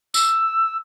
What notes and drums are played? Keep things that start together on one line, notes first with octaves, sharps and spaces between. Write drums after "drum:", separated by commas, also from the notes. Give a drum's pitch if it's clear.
E6, drum: tambourine